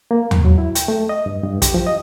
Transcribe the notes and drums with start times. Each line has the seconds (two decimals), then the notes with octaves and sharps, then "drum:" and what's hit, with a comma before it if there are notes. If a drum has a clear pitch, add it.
0.11 A#3
0.31 G#2, drum: tom
0.45 F#3
0.58 E4
0.75 G5, drum: hi-hat
0.88 A3
1.09 D#5
1.26 G2
1.43 G2
1.62 G4, drum: kick, hi-hat
1.74 F3
1.87 D#5